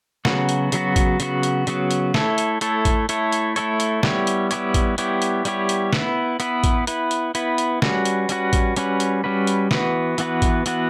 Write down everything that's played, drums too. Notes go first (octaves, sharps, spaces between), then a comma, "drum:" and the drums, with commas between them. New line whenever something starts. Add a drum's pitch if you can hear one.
C#3 F#3 B3 F#4, drum: snare
drum: hi-hat
C#3 F#3 B3 F#4, drum: hi-hat
drum: kick A1, hi-hat
C#3 F#3 B3 F#4, drum: hi-hat
drum: hi-hat
C#3 F#3 B3 F#4, drum: hi-hat
drum: hi-hat
A3 E4 A4 C#5, drum: snare
drum: hi-hat
A3 E4 A4 C#5, drum: hi-hat
drum: kick A1, hi-hat
A3 E4 A4 C#5, drum: hi-hat
drum: hi-hat
A3 E4 A4 C#5, drum: hi-hat
drum: hi-hat
G3 B3 E4 G4 C#5, drum: snare
drum: hi-hat
G3 B3 E4 G4 C#5, drum: hi-hat
drum: kick A1, hi-hat
G3 B3 E4 G4 C#5, drum: hi-hat
drum: hi-hat
G3 B3 E4 G4 C#5, drum: hi-hat
drum: hi-hat
B3 E4 B4, drum: snare
B3 E4 B4, drum: hi-hat
drum: kick A1, hi-hat
B3 E4 B4, drum: hi-hat
drum: hi-hat
B3 E4 B4, drum: hi-hat
drum: hi-hat
G3 C#4 F#4 B4, drum: snare
drum: hi-hat
G3 C#4 F#4 B4, drum: hi-hat
drum: kick A1, hi-hat
G3 C#4 F#4 B4, drum: hi-hat
drum: hi-hat
G3 C#4 F#4 B4
drum: hi-hat
E3 B3 F#4 B4, drum: snare
E3 B3 F#4 B4, drum: hi-hat
drum: kick A1, hi-hat
E3 B3 F#4 B4, drum: hi-hat